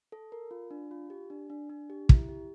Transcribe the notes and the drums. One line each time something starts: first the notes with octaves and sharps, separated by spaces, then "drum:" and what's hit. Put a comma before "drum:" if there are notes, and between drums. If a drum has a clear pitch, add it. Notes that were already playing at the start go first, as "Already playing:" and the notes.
A4
A#4
F4
D4
F4
G4
D4
D4
D4
G4
E4, drum: kick
G4